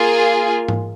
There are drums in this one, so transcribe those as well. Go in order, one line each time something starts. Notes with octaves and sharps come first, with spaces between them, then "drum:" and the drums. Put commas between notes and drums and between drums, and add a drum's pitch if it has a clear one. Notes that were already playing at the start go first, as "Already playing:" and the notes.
Already playing: A#3 F4 G#4
drum: tom G#2